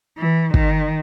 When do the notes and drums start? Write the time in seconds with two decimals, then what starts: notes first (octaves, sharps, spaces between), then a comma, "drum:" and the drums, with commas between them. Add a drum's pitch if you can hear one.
0.18 E3
0.54 D#3, drum: kick